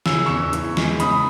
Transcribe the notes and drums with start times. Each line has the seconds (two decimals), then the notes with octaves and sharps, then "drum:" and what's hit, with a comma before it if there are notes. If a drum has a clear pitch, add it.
0.06 C#3 E6, drum: snare
0.26 E2 C#6 E6
0.53 E3, drum: hi-hat
0.77 G#3, drum: snare
1.00 C#3 B5 D#6, drum: hi-hat